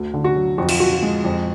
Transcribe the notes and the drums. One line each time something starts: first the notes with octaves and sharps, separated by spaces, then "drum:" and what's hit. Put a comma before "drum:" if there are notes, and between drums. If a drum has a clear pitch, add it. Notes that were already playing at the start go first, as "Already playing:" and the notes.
Already playing: D2
D3
F#4
F#3
F2 F#4
F4, drum: cymbal
F3 F#4
F4
G#3
F2